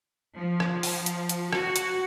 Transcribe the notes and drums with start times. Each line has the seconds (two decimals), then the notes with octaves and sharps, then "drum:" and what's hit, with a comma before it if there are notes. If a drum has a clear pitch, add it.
0.36 F3
0.60 drum: rim click
0.83 drum: open hi-hat
1.06 drum: hi-hat
1.29 drum: hi-hat
1.53 F#4, drum: rim click
1.76 drum: hi-hat